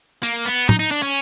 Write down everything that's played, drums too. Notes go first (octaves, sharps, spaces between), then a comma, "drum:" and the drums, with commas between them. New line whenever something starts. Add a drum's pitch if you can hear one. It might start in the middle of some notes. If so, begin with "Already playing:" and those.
A#3
B3
D#4, drum: tom
D#4
D4
C#4